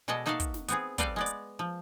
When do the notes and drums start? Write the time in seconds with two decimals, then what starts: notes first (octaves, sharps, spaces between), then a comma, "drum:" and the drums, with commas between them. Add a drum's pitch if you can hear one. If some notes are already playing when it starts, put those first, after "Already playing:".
0.08 B2 G#3 A4 D5 D#5
0.26 A#3 D#4 F#4 A4 E5 F5
0.40 drum: kick, hi-hat
0.54 drum: snare
0.68 B3 C4 G#4, drum: hi-hat
0.98 G3 C4 A4 B4 F5 G5, drum: kick, hi-hat
1.16 G#3 B3 D5
1.26 drum: hi-hat
1.59 F3